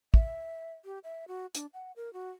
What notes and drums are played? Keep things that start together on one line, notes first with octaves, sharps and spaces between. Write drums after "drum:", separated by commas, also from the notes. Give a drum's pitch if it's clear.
E5, drum: kick
G4
E5
F#4
D4, drum: hi-hat
F#5
A#4
F#4